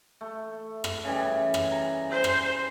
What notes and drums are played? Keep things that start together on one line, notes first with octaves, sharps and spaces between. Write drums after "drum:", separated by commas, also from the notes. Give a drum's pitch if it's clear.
A3
drum: rim click
C#3 E3 G3
drum: rim click
A#5
C5
drum: rim click